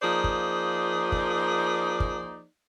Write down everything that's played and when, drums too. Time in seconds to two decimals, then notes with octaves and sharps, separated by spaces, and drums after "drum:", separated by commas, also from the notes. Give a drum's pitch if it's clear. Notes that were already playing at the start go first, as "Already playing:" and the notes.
0.02 F3 A#3 D#4 G#4 C5 D5
0.24 drum: kick
1.12 drum: kick
2.00 drum: kick